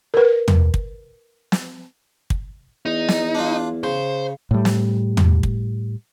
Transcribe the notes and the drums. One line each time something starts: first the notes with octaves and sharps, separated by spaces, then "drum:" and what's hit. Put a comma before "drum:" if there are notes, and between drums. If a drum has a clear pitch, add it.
A#4 B4
drum: tom
drum: kick
drum: snare
drum: kick
E2 D#4
drum: snare
D4 F4
C#3 C5
A2 G3
drum: snare
drum: tom
drum: kick